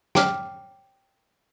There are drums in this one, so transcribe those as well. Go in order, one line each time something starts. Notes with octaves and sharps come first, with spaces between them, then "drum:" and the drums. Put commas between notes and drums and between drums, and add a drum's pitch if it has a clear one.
G5 D6 F6, drum: snare